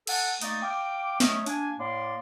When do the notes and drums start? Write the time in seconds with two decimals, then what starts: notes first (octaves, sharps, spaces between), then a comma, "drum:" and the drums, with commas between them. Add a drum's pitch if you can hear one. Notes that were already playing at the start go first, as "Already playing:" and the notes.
0.07 A4 F#5 G#5 A5, drum: cymbal
0.41 A3 A#3 D#4 D5, drum: hi-hat
0.63 F5 G5 D6
1.20 F#3 A3 C#4 D#5, drum: snare
1.46 A#3 D4 G#5, drum: hi-hat
1.78 A2 A#3 D5 C6